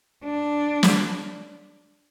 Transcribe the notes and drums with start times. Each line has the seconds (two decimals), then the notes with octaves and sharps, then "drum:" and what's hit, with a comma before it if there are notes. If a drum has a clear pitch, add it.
0.24 D4
0.83 drum: snare